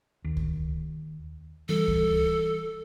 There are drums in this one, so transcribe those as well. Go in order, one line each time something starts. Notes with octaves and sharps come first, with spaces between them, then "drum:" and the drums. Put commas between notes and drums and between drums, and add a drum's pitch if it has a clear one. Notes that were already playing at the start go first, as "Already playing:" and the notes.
D#2
drum: kick C#2
E3 G3 A4
drum: kick C#2